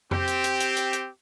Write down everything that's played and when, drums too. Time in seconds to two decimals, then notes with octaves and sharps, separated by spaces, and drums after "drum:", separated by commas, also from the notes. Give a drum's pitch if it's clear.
0.11 C4 G4, drum: tom F2
0.28 drum: hi-hat
0.44 drum: hi-hat
0.60 drum: hi-hat
0.77 drum: hi-hat
0.93 drum: hi-hat